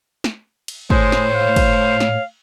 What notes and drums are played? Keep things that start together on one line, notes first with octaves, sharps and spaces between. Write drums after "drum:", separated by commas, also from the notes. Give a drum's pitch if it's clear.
drum: snare
drum: cymbal
A2 G#3 A3 C5 C#5, drum: kick
drum: snare
F5
drum: kick, cymbal
drum: snare